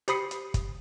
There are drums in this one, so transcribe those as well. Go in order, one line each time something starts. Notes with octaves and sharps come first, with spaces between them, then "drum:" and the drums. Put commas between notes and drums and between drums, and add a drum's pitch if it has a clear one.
G4 C5 B5 D#6 C7 C#7, drum: hi-hat
drum: hi-hat
drum: kick, hi-hat